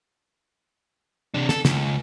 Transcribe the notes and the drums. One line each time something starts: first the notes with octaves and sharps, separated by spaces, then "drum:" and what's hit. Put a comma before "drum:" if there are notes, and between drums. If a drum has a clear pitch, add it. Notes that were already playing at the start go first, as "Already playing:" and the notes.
C3 D4
A4, drum: snare
C#2, drum: snare